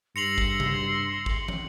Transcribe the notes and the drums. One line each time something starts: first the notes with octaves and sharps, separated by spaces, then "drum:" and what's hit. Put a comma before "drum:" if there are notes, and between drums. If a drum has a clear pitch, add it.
G2 C6 E6 A#6 C#7 F7 F#7
drum: kick G#1
drum: tom C3
drum: kick G#1
drum: tom